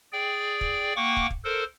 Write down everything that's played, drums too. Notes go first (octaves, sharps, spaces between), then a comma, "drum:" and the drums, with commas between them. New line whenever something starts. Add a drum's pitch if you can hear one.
G#4 D5 G5
drum: kick
A#3 F#5 G5 C#6 D6
drum: kick
drum: kick
A4 A#4 C5